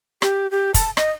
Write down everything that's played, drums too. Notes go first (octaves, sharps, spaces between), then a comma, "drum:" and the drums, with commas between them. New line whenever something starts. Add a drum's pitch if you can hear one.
G4, drum: rim click
G4
A5, drum: kick, hi-hat
D#5, drum: rim click